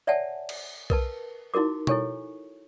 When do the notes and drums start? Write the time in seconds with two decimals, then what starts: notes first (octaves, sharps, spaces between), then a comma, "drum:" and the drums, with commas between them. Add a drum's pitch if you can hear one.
0.07 C#5 D5 E5 F#5 G#5 A5
0.49 drum: cymbal
0.90 A#4 B4 A5, drum: kick B1
1.54 D#4 E4 F#4 A#4 D6
1.87 E4 A4 C#5 G#5 C#6, drum: tom B2